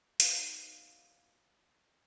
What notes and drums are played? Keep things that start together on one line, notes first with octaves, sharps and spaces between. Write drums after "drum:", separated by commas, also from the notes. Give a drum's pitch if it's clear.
F#3 B3 D#4 F5, drum: hi-hat